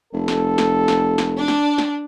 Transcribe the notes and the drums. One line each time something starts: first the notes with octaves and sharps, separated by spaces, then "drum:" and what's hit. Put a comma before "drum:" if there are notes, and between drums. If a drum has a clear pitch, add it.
F1 A4
drum: snare
drum: snare
drum: snare
drum: snare
D4
drum: snare
drum: snare